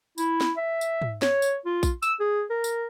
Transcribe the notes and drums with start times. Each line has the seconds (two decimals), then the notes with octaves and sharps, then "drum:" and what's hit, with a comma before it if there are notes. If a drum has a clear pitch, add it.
0.18 E4, drum: tambourine
0.41 drum: snare
0.57 E5
0.81 drum: tambourine
1.02 drum: tom G#2
1.22 C#5, drum: snare
1.42 drum: tambourine
1.66 F4
1.83 drum: kick A#1, tambourine
2.03 E6, drum: tambourine
2.20 G#4
2.50 A#4
2.64 drum: tambourine